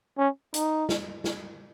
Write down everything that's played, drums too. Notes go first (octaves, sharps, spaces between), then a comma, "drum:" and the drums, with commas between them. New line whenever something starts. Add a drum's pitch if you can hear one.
C#4
D#4, drum: hi-hat
drum: snare
drum: snare